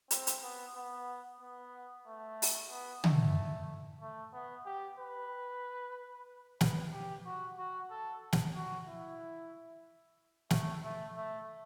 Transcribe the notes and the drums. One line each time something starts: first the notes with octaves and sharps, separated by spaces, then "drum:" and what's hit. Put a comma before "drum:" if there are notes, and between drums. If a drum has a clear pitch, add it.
C4, drum: hi-hat
drum: hi-hat
B3
B3
B3
A3
drum: open hi-hat
B3
A3, drum: tom
A3
B3
G4
B4
B4, drum: snare
G4
F#4
F#4
A4
drum: snare
F#4
E4
A3, drum: snare
A3
A3